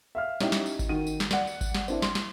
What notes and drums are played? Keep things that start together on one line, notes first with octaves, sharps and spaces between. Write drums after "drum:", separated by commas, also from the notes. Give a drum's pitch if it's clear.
E5 F5 F6
C#4 D#4 E4 G4, drum: snare
drum: snare
drum: tambourine
drum: kick G#1, tambourine
D#3 F#4 D#7
drum: tambourine
drum: snare
D5 F#5, drum: snare
drum: tambourine
drum: kick G#1, tambourine
drum: snare
C4 D4 E4, drum: tambourine
C6, drum: snare
drum: snare